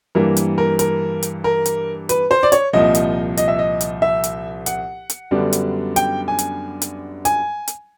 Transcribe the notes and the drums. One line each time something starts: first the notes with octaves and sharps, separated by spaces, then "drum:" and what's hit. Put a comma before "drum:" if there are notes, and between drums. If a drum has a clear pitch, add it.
G2 E3 G3 A#3 A#4
drum: hi-hat
A#4
A#4, drum: hi-hat
drum: hi-hat
A#4
drum: hi-hat
B4, drum: hi-hat
C5
D5
C#5, drum: hi-hat
C2 A#2 F3 D#5
drum: hi-hat
D#5, drum: hi-hat
E5
D#5
drum: hi-hat
E5
drum: hi-hat
F#5, drum: hi-hat
drum: hi-hat
F#2 D3 G3 B3 D4
drum: hi-hat
G5, drum: hi-hat
G#5
drum: hi-hat
drum: hi-hat
G#5, drum: hi-hat
drum: hi-hat